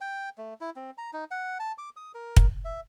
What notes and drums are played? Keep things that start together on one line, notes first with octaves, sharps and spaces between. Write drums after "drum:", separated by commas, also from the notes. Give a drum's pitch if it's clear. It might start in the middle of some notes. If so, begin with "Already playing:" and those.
G5
A3
E4
C4
A#5
D#4
F#5
A5
D6
D#6
A#4
drum: kick
E5